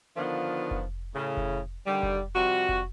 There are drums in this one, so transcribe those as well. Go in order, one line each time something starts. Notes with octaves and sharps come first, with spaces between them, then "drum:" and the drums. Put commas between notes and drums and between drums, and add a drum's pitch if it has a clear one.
D3 D#3 F3 B3 F4
drum: kick F1
A2 C#3
drum: kick F1
D3 D#3 G3
drum: kick F1
F2 C3 G3 F#4
drum: kick F1